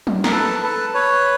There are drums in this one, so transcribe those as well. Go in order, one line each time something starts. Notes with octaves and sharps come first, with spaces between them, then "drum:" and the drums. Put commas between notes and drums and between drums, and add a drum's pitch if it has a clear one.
drum: tom
A#4, drum: snare
A4 B4
A4 B4
B4 C#5